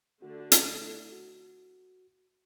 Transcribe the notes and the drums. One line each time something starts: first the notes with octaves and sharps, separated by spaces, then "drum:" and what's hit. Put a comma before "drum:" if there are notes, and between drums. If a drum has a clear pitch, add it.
D3 A3 D4 F#4
F#4
E4, drum: hi-hat
E4
F#4